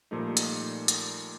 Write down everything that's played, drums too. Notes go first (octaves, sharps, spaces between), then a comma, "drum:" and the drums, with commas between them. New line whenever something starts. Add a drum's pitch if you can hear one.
A#2 F3 G3 A3 D#4
drum: hi-hat
drum: hi-hat